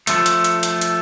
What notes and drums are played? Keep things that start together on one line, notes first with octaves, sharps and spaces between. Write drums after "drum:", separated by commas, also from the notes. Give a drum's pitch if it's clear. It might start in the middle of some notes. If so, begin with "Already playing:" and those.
F3 A3, drum: hi-hat
drum: hi-hat
drum: hi-hat
drum: hi-hat
drum: hi-hat